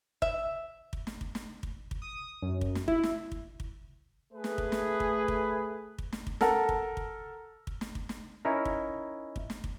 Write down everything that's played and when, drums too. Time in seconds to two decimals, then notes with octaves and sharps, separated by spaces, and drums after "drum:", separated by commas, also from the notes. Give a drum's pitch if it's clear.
0.22 E5, drum: kick
0.93 drum: kick
1.07 drum: snare
1.21 drum: kick
1.35 drum: snare
1.63 drum: kick
1.91 drum: kick
2.02 D#6
2.42 F#2
2.61 drum: kick
2.75 drum: snare
2.88 E4, drum: kick
3.03 drum: snare
3.32 drum: kick
3.60 drum: kick
4.33 A3 G#4 B4
4.44 drum: snare
4.58 drum: kick
4.72 drum: snare
5.00 drum: kick
5.28 drum: kick
5.98 drum: kick
6.13 drum: snare
6.27 drum: kick
6.41 A4 A#4 F#5 A5, drum: snare
6.69 drum: kick
6.97 drum: kick
7.67 drum: kick
7.81 drum: snare
7.95 drum: kick
8.09 drum: snare
8.45 C#4 D#4 E4 A#4
8.65 drum: kick
9.36 drum: kick
9.50 drum: snare
9.64 drum: kick